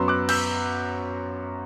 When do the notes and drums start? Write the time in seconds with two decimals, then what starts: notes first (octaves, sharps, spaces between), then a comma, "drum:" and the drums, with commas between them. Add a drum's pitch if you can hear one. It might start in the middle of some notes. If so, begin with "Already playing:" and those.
Already playing: F#2 F#3 B3 C6 E6
0.08 D6 F#6
0.29 E6 G6, drum: cymbal